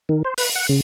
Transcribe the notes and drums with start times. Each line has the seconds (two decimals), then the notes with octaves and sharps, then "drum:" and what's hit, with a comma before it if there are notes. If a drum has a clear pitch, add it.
0.09 D#3
0.24 C5
0.38 B4, drum: open hi-hat
0.56 F#5
0.69 C#3